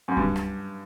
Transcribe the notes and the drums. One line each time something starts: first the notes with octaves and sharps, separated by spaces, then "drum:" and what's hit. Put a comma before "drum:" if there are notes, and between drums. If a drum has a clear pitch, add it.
F#2
G2, drum: kick C#2
drum: rim click